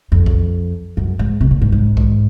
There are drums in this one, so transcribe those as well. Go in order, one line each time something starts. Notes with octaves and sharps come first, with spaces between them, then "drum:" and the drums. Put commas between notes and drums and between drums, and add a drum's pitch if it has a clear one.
F2
drum: kick B1
F#2
G#2
C3
A#2
G#2
G#2
drum: kick B1